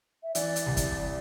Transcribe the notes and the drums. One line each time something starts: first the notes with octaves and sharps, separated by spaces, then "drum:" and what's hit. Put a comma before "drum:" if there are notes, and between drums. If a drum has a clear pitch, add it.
E5
E3 D5, drum: hi-hat
drum: hi-hat
C2
drum: kick, hi-hat